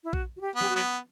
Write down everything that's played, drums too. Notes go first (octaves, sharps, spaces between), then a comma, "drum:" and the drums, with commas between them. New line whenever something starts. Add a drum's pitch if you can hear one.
E4
F#4, drum: kick A#1
F#4
G4
B3
G4, drum: snare
F#4
F#3 B3